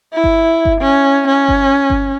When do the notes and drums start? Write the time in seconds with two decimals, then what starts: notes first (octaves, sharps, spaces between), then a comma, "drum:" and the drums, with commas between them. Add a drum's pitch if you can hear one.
0.14 E4
0.24 drum: kick G1
0.65 drum: kick G1
0.81 C#4
1.28 C#4
1.48 drum: kick G1
1.90 drum: kick G1